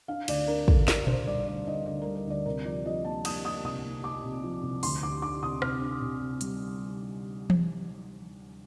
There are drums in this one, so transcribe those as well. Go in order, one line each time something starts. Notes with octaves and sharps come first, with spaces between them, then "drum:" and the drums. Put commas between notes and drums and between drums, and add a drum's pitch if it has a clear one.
D4 F5
D2 D5, drum: cymbal
D4 A#4
D3 A4, drum: kick
D3 A#4, drum: snare
D3 C5, drum: tom A#2
G3 D5
D2 D5
D2 D#5
D2 D5
G3 A#4
A#4
D2 D5
C3 A#4
F3 D5
F3 D#5
A#3 A5
A#3 D#6, drum: cymbal
A#3 D#6
C2 D#6
A#3
A#3 D6
C3
F3
C2
D2 C6, drum: open hi-hat
D2 D6
D4 D6
C3 D#6
C3 F6, drum: rim click
D4
C3
C3
G3, drum: hi-hat
drum: tom E3